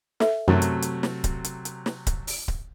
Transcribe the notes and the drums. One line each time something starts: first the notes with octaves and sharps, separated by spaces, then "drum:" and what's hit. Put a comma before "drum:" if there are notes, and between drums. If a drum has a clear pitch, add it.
A4 E5, drum: snare
F#2 C3 F#3 A3
drum: hi-hat
drum: hi-hat
drum: snare
drum: kick D1, hi-hat
drum: hi-hat
drum: hi-hat
drum: snare
drum: kick D1, hi-hat
drum: open hi-hat
drum: kick D1